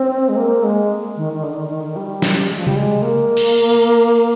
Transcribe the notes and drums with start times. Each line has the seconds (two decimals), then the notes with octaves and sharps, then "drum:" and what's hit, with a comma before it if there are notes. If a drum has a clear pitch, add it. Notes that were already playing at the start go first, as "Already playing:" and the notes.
Already playing: C4
0.29 G#3
0.37 A#3
0.63 G#3
1.17 D#3
1.33 D#3
1.43 D3
1.56 D#3
1.69 D#3
1.84 D#3
1.96 G3
2.22 drum: snare
2.50 G#3
2.58 F3
2.67 G3, drum: tom C3
2.76 G#3
3.02 A#3
3.37 drum: cymbal